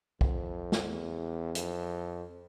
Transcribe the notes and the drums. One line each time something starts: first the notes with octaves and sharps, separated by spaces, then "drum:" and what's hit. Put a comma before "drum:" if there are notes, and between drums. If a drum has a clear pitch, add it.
F2, drum: kick
drum: snare
E2
F2, drum: hi-hat